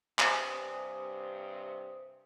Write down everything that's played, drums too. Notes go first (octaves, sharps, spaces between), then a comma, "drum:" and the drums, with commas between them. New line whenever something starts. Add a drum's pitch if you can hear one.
G2 C3 C5 G#5 D#6, drum: clap